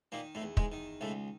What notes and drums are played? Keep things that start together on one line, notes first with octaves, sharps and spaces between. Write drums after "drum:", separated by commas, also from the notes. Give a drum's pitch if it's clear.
A#2 D#3 A#3
A2 A3
E2
G#2 G#3, drum: kick
D#3
C#2 A2 A3